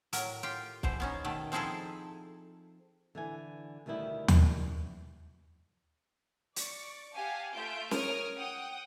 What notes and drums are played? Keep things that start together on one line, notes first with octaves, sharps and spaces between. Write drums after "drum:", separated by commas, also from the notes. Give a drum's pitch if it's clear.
A2 F#3 A#4, drum: hi-hat
F4 G4 G5
B2 E3 C5, drum: kick
B3 C#4 D#4
B2 D#3 A3
F3 C4 D#4 E4 G#4 A4
D3 E3 G#5
D2 B2 D#3 G3 E4
drum: tom D#2
D5 C#6, drum: hi-hat
G4 F5 F#5 G#5 A5
A3 F4 E5 G6 D7
A#4 C#5 D#6 F6 D7, drum: snare
F#5 G5 D#6